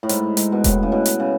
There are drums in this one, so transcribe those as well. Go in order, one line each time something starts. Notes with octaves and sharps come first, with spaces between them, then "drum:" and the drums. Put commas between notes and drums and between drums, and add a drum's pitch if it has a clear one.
A2
G#2, drum: hi-hat
G#2, drum: hi-hat
B2
A2, drum: kick E1, hi-hat
C#3
B2
drum: hi-hat
C#3